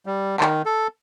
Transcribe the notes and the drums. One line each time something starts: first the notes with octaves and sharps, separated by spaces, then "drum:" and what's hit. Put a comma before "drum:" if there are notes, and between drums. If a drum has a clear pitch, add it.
G3
D#3, drum: clap
A4